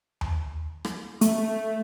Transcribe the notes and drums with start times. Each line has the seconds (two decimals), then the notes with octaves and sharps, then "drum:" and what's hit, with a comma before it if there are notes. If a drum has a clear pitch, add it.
0.21 drum: tom D#2
0.85 drum: rim click
1.21 A3, drum: hi-hat